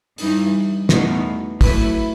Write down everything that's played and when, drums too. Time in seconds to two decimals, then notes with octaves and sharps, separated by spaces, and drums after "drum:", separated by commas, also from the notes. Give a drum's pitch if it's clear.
0.18 G2 E3 G3 D#4, drum: open hi-hat
0.89 E2 B2 A3 D#4, drum: snare
1.61 F#3 A3 E4 B4, drum: kick, open hi-hat